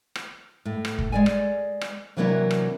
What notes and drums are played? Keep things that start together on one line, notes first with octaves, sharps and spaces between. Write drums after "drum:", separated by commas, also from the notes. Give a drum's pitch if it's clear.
drum: rim click
A2
drum: rim click
drum: kick
G#3 D5 G#5
drum: rim click
drum: rim click
C3 E3 F#3 A#3 D4 E4
drum: rim click